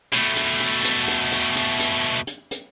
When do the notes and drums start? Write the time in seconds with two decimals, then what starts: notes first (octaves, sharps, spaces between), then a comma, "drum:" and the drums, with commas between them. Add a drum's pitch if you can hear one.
0.12 B2 A3, drum: hi-hat
0.36 drum: hi-hat
0.60 drum: hi-hat
0.84 drum: hi-hat
1.08 drum: hi-hat
1.32 drum: hi-hat
1.56 drum: hi-hat
1.80 drum: hi-hat
2.27 drum: hi-hat
2.51 drum: hi-hat